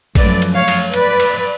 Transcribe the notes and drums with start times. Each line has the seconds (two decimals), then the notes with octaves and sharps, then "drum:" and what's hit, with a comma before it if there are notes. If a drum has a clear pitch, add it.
0.15 F#2 F3 A3 B4 D5, drum: kick A1, cymbal
0.42 drum: cymbal
0.55 C#5 F5
0.68 drum: cymbal
0.93 B4 D5, drum: cymbal
1.20 drum: cymbal